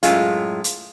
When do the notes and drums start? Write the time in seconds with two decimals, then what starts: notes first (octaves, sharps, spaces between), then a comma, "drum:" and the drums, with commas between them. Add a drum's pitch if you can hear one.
0.03 F#2 A2 G#3 F4, drum: hi-hat
0.64 drum: hi-hat